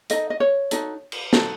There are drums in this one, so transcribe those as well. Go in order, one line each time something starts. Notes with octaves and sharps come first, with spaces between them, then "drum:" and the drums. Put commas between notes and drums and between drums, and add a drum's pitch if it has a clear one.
D#4 A4 D#5, drum: hi-hat
D#5
C#5
D#4 F#4 A4, drum: hi-hat
drum: cymbal
D#4 F#4 A4 C5, drum: snare